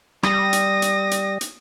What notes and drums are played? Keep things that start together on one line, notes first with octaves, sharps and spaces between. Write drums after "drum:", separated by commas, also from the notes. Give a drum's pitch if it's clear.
G3 D#6 A#6, drum: rim click
drum: hi-hat
drum: hi-hat
drum: hi-hat
drum: hi-hat